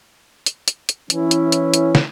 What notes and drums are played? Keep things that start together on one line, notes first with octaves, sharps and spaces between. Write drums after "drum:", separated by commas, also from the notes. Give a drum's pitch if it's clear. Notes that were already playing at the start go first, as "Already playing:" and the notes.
drum: hi-hat
drum: hi-hat
drum: hi-hat
E3 C#4 E4, drum: hi-hat
drum: hi-hat
drum: hi-hat
drum: hi-hat
drum: snare